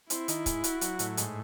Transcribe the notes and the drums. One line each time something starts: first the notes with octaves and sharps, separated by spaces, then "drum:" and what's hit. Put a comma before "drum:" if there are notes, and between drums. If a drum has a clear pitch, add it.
C4 E4, drum: hi-hat
D#3, drum: hi-hat
G#2, drum: kick C#1, hi-hat
F#4, drum: hi-hat
F#3, drum: hi-hat
A2, drum: hi-hat
G#2, drum: hi-hat